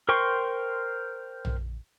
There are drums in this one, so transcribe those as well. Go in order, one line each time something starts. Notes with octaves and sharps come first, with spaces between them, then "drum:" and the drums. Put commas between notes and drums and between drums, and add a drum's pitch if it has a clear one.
A#4 C5 G5 C6 C#6
drum: tom A#1